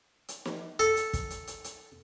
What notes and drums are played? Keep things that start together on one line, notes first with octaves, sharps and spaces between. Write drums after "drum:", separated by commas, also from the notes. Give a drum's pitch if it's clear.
drum: hi-hat
drum: snare
A4, drum: hi-hat
drum: hi-hat
drum: kick, hi-hat
drum: hi-hat
drum: hi-hat
drum: hi-hat